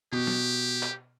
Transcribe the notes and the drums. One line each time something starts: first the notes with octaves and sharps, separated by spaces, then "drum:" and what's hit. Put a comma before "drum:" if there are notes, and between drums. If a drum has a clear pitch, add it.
B2 G4
drum: snare
drum: clap